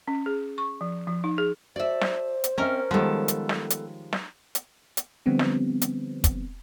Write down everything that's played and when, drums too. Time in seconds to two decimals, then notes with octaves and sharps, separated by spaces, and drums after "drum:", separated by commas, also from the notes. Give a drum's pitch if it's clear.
0.08 C#4
0.26 G#4
0.58 C#6
0.81 F3
1.07 F3
1.24 D#4
1.38 G#4
1.76 F#4 A4 C5 D5 E5
2.01 drum: snare
2.44 drum: hi-hat
2.58 C4 C#4 A#4 D#5 E5
2.91 D#3 F3 G3 G#3 B3 A4
3.28 drum: hi-hat
3.49 drum: snare
3.70 drum: hi-hat
4.13 drum: snare
4.55 drum: hi-hat
4.97 drum: hi-hat
5.26 D3 F3 G3 B3 C4
5.39 drum: snare
5.82 drum: hi-hat
6.24 drum: kick, hi-hat